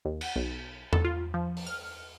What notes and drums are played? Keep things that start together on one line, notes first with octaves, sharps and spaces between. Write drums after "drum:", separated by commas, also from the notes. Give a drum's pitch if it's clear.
D#2
F#5, drum: cymbal
B1
A4, drum: tom E2
F4
F3
drum: open hi-hat
F6